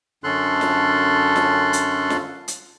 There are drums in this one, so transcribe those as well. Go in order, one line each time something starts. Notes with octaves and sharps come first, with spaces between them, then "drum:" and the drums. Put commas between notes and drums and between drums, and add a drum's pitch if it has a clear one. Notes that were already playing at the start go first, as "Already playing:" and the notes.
F#2 D3 C#4 A4 C6 F#6
drum: snare F4
drum: snare F4
drum: hi-hat
drum: snare F4
drum: hi-hat